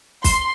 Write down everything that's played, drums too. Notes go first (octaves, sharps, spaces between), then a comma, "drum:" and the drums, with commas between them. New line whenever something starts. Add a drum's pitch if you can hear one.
C6, drum: kick, open hi-hat